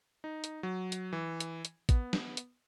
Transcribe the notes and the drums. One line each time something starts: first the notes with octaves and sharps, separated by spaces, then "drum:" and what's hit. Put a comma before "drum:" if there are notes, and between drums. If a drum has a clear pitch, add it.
D#4
drum: hi-hat
F#3
drum: hi-hat
E3
drum: hi-hat
drum: hi-hat
B3, drum: kick A1, hi-hat
drum: snare
drum: hi-hat